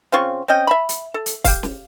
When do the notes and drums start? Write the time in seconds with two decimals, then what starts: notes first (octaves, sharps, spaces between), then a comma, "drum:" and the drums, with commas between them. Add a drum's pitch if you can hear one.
0.12 C#3 C4 F4 C#6
0.48 C4 C#4 D#5 G5
0.67 E5 A5 B5
0.89 drum: hi-hat
1.14 A4
1.26 drum: hi-hat
1.44 G4 F5, drum: kick, open hi-hat
1.63 drum: snare